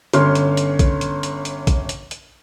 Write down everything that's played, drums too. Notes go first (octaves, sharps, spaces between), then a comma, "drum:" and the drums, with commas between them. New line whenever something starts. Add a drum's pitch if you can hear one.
G1 C#4 C6 F6, drum: hi-hat
drum: hi-hat
drum: hi-hat
drum: kick, hi-hat
drum: hi-hat
drum: hi-hat
drum: hi-hat
drum: kick, hi-hat
drum: hi-hat
drum: hi-hat